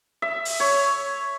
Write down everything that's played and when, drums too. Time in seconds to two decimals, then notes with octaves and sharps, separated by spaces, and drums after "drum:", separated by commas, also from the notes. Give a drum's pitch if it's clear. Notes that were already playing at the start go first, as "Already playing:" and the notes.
0.22 E5
0.45 drum: open hi-hat
0.60 C#5